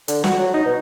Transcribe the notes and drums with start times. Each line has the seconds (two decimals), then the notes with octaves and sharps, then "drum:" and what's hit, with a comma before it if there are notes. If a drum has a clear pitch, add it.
0.08 D3, drum: hi-hat
0.24 F#4, drum: snare
0.39 F#3
0.54 D#4
0.65 B2